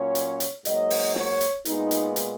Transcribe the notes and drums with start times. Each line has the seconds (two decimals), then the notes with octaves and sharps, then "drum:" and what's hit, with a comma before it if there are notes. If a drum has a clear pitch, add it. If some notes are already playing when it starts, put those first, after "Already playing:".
Already playing: A#2 F#3 C#4 C#5
0.15 drum: hi-hat
0.40 drum: hi-hat
0.65 G#2 F#3 A#3 D#5, drum: hi-hat
0.90 drum: open hi-hat
1.15 C#5, drum: snare
1.41 drum: hi-hat
1.65 A#2 G#3 B3 D#4, drum: hi-hat
1.91 drum: hi-hat
2.16 drum: hi-hat